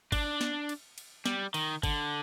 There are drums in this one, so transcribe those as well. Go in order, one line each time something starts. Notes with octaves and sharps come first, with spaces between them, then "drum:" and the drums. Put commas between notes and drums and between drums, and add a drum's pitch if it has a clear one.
D4, drum: kick G1, cymbal
drum: snare
drum: cymbal
drum: cymbal
G3, drum: snare
D#3, drum: cymbal
D3, drum: kick G1, cymbal